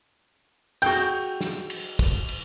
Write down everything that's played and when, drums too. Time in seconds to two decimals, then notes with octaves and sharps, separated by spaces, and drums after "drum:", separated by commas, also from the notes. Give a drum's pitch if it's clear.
0.82 F#4 G#4 G5 G6, drum: cymbal
1.41 drum: snare
1.70 drum: cymbal
1.99 drum: kick, cymbal
2.28 drum: cymbal